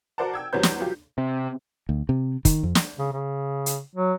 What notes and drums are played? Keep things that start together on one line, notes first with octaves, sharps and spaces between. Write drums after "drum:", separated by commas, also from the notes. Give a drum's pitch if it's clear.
F#4 A#4 C5 D5 F#5 A5
G5 E6 G#6
E2 G3 C#4 F#4 C5 G6
drum: snare
F#3 F4 G4
C3
D2
C3
D#3, drum: kick, hi-hat
F2
drum: snare
C#3
C#3
drum: hi-hat
F#3